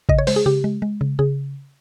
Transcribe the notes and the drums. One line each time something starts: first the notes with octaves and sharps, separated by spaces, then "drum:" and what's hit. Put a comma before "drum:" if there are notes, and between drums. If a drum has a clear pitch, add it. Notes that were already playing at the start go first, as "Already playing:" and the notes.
C#3 D#5, drum: kick A1
C#5
G#3 C5, drum: open hi-hat
G#4
C#3 G4
G#3
G#3
C#3
C#3 G#4